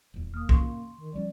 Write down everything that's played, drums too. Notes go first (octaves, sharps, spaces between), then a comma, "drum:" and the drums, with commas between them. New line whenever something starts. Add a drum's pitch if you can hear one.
D#1 E2
A#3 D#6 F6
C#4 C6 C#6, drum: kick
D#3
F3 G3 C#4 D5